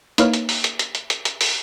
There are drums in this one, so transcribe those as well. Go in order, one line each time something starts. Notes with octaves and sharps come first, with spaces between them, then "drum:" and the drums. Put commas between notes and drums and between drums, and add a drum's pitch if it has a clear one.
A#3 D#4 E4 B4 C#5 F6, drum: hi-hat
drum: hi-hat
drum: open hi-hat
drum: hi-hat
drum: hi-hat
drum: hi-hat
drum: hi-hat
drum: hi-hat
drum: open hi-hat